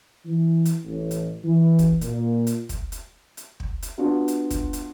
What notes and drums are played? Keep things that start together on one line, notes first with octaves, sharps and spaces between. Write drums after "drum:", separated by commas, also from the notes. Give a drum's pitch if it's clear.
E3
drum: hi-hat
A1
drum: hi-hat
E3
drum: kick, hi-hat
A#2, drum: hi-hat
drum: hi-hat
drum: kick, hi-hat
drum: hi-hat
drum: hi-hat
drum: kick
drum: hi-hat
B3 D4 F4 F#4
drum: hi-hat
drum: kick, hi-hat
drum: hi-hat